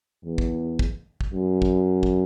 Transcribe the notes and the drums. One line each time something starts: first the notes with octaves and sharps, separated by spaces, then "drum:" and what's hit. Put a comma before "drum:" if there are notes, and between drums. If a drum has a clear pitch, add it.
E2
drum: kick
drum: kick
drum: kick
F#2
drum: kick
drum: kick